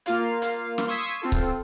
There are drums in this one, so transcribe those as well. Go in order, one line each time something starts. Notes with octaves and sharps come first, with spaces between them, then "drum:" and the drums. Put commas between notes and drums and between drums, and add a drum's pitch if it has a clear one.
A#3 F4 F5, drum: hi-hat
drum: hi-hat
drum: snare
C6 C#6 D#6 E6 G#6 B6
C4 F4 A4
drum: kick C#1